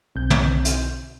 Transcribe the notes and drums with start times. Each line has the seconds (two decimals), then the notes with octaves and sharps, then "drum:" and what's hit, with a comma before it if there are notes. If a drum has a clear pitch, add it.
0.16 B1 C4 G6
0.30 drum: tom
0.65 drum: hi-hat